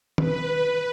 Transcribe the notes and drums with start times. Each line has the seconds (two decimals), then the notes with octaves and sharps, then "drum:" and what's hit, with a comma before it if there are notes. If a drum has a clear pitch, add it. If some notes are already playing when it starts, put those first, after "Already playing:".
0.18 B4, drum: tom D#3